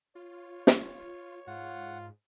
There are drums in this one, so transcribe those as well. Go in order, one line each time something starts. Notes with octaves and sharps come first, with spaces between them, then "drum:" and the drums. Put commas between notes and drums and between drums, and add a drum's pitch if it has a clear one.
F4 C#5
drum: snare
G#2 F4 F#5